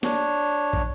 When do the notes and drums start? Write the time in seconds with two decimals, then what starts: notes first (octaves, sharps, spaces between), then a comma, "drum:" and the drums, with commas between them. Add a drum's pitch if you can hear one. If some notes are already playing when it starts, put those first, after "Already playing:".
0.03 D4 C#5, drum: snare
0.73 drum: kick